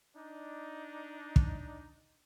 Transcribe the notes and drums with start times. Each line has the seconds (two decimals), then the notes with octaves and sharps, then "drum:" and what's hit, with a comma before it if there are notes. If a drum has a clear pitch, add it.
0.17 D4 D#4
1.36 drum: kick